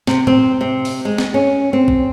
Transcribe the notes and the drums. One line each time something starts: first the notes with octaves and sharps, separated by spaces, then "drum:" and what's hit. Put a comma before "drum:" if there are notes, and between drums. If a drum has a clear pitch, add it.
C3, drum: snare
C4, drum: tom A2
C3
drum: open hi-hat
G#3
drum: snare
C#4
C4
drum: kick A#1